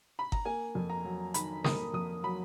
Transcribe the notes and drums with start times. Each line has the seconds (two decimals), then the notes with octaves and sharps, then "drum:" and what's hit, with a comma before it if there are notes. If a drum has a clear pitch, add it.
0.19 B5
0.32 A#5, drum: kick G1
0.45 A#3 G#5
0.75 F2
0.90 A#5
1.05 F#3
1.34 D#3 B5, drum: hi-hat
1.64 A#3 D#6, drum: snare
1.94 F2 D#6
2.23 F#3 B5